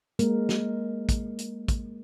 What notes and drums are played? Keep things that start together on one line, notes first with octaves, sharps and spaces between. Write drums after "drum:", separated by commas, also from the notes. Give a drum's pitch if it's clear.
G#3 A#3 A#4, drum: hi-hat
drum: snare
drum: kick, hi-hat
drum: hi-hat
drum: kick, hi-hat